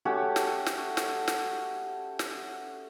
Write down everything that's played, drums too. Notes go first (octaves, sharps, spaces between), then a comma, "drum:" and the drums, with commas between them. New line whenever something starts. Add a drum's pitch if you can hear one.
A3 C#4 F#4 G4
drum: snare
drum: snare
drum: snare
drum: snare
drum: snare